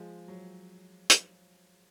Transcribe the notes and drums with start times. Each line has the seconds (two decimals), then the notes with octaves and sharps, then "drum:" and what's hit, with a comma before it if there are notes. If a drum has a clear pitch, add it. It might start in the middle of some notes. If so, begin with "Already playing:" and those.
Already playing: F3 G#3
0.28 F#3
1.10 drum: hi-hat